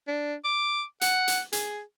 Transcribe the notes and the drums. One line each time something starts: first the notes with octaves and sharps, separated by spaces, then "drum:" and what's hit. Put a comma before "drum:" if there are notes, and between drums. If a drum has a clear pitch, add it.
D4
D6
F#5, drum: hi-hat
drum: hi-hat
G#4, drum: hi-hat